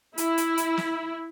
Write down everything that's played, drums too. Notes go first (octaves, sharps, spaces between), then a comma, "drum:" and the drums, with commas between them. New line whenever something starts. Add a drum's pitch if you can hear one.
E4, drum: hi-hat
drum: hi-hat
drum: hi-hat
drum: snare